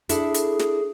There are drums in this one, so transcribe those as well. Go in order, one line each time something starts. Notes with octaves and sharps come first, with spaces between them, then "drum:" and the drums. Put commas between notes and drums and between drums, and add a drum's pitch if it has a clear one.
D4 E4 G#4 A4, drum: hi-hat
drum: hi-hat
drum: snare